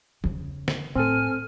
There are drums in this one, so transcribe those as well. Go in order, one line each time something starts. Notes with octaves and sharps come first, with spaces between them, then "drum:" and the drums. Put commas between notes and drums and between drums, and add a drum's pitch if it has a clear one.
E2 C#3, drum: tom
drum: snare
A2 C4 A4 G#5 F6